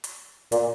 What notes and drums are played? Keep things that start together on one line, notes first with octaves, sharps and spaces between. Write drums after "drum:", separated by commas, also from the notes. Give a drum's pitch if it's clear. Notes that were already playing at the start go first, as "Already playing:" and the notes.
drum: hi-hat
A#2, drum: hi-hat